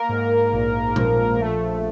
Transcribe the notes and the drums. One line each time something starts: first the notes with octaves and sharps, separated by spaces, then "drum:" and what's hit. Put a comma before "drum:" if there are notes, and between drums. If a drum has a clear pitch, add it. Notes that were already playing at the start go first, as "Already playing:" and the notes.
Already playing: A#3 A#4
G#2
A#1
F3, drum: tom A#2
A3